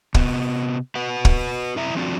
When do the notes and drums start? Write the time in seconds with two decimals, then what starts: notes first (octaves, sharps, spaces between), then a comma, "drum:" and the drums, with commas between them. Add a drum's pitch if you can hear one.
0.14 C3 B3, drum: kick
0.95 F#4 B4 F#5
1.25 drum: kick
1.76 F#2 C3 E4 E5 A#5
1.95 F3 F#3 C4 D4 F4 F#4